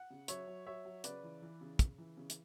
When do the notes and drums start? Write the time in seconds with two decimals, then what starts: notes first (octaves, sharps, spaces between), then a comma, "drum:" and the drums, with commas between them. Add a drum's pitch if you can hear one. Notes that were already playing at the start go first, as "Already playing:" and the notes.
Already playing: F#5
0.10 C#3
0.28 F#3 C#5 E5, drum: hi-hat
0.47 F#3
0.66 F#3 C#5 E5
0.85 F#3
1.04 C#3 B4 D5, drum: hi-hat
1.23 E3
1.42 E3
1.61 C#3
1.79 C#3, drum: kick, hi-hat
1.98 E3
2.17 C#3
2.30 drum: hi-hat